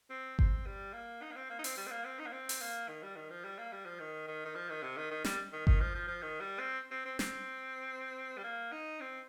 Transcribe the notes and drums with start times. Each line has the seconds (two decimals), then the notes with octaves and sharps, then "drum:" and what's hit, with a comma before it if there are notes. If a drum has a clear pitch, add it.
0.10 C4
0.39 C4, drum: kick G1
0.66 G3
0.94 A#3
1.22 D#4
1.32 A#3
1.36 C4
1.50 A#3
1.59 D#4
1.64 C4, drum: open hi-hat
1.77 G3
1.87 C4
1.91 A#3
2.05 C4
2.19 D#4
2.26 A#3
2.33 C4
2.49 drum: open hi-hat
2.61 A#3
2.88 D#3
3.03 G3
3.16 D#3
3.30 F3
3.44 G3
3.58 A#3
3.72 G3
3.86 F3
4.00 D#3
4.28 D#3
4.45 D#3
4.55 F3
4.69 D#3
4.83 C3
4.97 D#3
5.11 D#3
5.24 G3, drum: snare
5.53 D#3
5.67 D#3, drum: kick G1
5.80 F3
5.95 F3
6.08 F3
6.22 D#3
6.40 G3
6.59 C4
6.91 C4
7.06 C4
7.19 C4, drum: snare
8.38 G3
8.44 A#3
8.72 D#4
9.00 C4